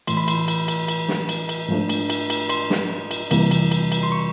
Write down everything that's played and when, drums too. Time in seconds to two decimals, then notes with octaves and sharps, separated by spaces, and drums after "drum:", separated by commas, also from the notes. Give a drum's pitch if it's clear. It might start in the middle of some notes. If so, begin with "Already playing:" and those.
0.07 A2 E3 A3 C6, drum: cymbal
0.17 B5
0.28 C6, drum: cymbal
0.48 drum: cymbal
0.68 drum: cymbal
0.88 drum: cymbal
1.09 drum: snare
1.29 drum: cymbal
1.49 drum: cymbal
1.69 G#2 F3 A3 D4
1.89 drum: cymbal
2.10 drum: cymbal
2.30 drum: cymbal
2.49 C6, drum: cymbal
2.70 drum: snare
3.11 drum: cymbal
3.31 F2 C3 E3 G3 A#3, drum: cymbal
3.51 drum: cymbal
3.71 drum: cymbal
3.92 drum: cymbal
4.03 C6
4.12 C#6